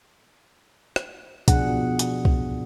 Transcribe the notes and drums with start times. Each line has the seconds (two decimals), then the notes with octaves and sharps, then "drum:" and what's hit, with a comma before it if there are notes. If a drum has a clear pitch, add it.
0.96 drum: rim click
1.48 B2 F3 D4 G#4 F#5, drum: kick C2, hi-hat
1.99 drum: hi-hat
2.25 drum: kick C2